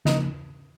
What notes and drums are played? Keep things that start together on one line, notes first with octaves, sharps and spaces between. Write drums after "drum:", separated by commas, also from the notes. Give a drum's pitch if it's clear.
C#3 F3 A#3 D#4, drum: snare